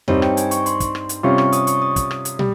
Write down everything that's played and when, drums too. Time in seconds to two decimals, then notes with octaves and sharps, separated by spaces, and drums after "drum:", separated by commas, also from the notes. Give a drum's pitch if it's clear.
0.08 G2 G3 C4 D#4 C#5, drum: tom E2
0.22 G5, drum: rim click
0.37 G#5, drum: hi-hat
0.51 C#6, drum: hi-hat
0.66 C6, drum: hi-hat
0.80 drum: kick, hi-hat
0.95 drum: rim click
1.09 drum: hi-hat
1.23 C3 G3 C#4 F4 C#6
1.38 C#6, drum: rim click
1.53 D#6, drum: hi-hat
1.67 C#6, drum: hi-hat
1.82 D#6
1.96 drum: kick, hi-hat
2.11 drum: rim click
2.25 drum: hi-hat
2.39 G3, drum: tom